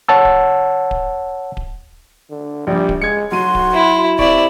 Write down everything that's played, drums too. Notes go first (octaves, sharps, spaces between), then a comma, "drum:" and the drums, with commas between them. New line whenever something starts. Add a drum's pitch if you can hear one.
C#5 F#5 A5 E6
drum: kick D1
drum: kick D1
drum: kick D1
D3
A#1 G3
drum: kick D1
G#3 G#6 C#7
F#3 F#4 C6 D#7
drum: kick D1
E4
C3 E4 D5 E5 C#6, drum: kick D1